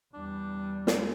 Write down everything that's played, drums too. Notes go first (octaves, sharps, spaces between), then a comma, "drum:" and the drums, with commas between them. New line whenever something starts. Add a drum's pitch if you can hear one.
E2 G3 D4
drum: snare